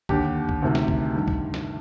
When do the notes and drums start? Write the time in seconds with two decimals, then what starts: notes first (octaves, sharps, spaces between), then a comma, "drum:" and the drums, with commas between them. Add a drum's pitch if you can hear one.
0.09 D#2 D3 G4, drum: kick C#2
0.49 drum: kick C#2
0.62 D2 C3 D#3
0.75 drum: snare
0.88 drum: kick C#2
1.15 G2 D#3
1.28 drum: kick C#2
1.54 drum: snare